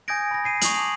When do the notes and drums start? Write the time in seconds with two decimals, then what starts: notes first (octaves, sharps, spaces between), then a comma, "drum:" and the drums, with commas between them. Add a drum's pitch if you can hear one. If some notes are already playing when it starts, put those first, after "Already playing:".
0.08 G#5 D#6 G6 G#6 A#6 D7
0.31 B5 A#6
0.44 A#6 C7 D#7
0.61 C#6 D#6 F7 F#7, drum: hi-hat
0.77 A5 D6